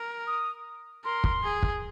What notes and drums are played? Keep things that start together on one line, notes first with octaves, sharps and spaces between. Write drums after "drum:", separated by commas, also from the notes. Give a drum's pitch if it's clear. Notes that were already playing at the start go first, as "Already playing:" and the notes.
Already playing: A#4
D#6
A#4 C6
drum: kick
G#4
drum: kick